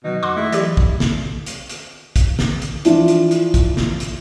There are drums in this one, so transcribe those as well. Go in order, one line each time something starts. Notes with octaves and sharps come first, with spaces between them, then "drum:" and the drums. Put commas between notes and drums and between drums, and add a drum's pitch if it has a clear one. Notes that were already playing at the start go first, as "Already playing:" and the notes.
B2 D#3 F#3 D#4
F2 F#4 C6 D6 F6
A3 E4 G#4
E3 F#3 G4 D5, drum: hi-hat
drum: kick
drum: snare
drum: hi-hat
drum: hi-hat
drum: kick, hi-hat
drum: snare
drum: hi-hat
E3 F3 D4 F4, drum: hi-hat
drum: hi-hat
drum: hi-hat
drum: kick, hi-hat
drum: snare
drum: hi-hat